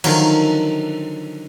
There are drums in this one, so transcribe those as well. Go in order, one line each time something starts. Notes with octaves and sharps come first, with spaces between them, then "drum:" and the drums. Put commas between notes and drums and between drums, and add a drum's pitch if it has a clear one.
D3 D#3 F3 F#3, drum: cymbal